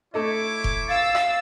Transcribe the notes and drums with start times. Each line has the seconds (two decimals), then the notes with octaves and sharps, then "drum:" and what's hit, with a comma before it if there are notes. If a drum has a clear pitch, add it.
0.14 A3 E4 A4 C#5 D#5 D6
0.64 drum: kick F1
0.89 F5 E6 A6
1.15 drum: rim click